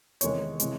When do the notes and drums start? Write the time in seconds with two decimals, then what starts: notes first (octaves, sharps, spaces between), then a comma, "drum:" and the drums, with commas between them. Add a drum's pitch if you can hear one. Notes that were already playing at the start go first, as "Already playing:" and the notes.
0.21 E2 C3 D#3 G#3 C#5, drum: hi-hat
0.60 C3 E3 G#3, drum: hi-hat